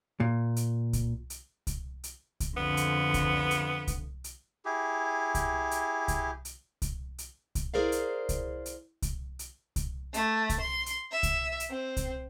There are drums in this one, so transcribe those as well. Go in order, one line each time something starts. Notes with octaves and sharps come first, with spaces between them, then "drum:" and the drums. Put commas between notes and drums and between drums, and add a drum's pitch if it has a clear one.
A#2
drum: hi-hat
drum: kick C2, hi-hat
drum: hi-hat
drum: kick C2, hi-hat
drum: hi-hat
drum: kick C2, hi-hat
F2 D3 B3
drum: hi-hat
drum: kick C2, hi-hat
drum: hi-hat
drum: kick C2, hi-hat
drum: hi-hat
E4 G4 G#4
drum: kick C2, hi-hat
drum: hi-hat
drum: kick C2, hi-hat
drum: hi-hat
drum: kick C2, hi-hat
drum: hi-hat
drum: kick C2, hi-hat
E4 G#4 A#4 C5 D5 F5
drum: hi-hat
drum: kick C2, hi-hat
drum: hi-hat
drum: kick C2, hi-hat
drum: hi-hat
drum: kick C2, hi-hat
A3, drum: hi-hat
drum: kick C2, hi-hat
C6
drum: hi-hat
E5
drum: kick C2, hi-hat
drum: hi-hat
C4
drum: kick C2, hi-hat